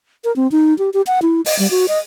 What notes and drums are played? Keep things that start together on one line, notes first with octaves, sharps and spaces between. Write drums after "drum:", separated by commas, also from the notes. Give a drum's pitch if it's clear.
A#4
C4
D#4
G4
G4
F#5
E4
D#5, drum: open hi-hat
G3
F#4
D#5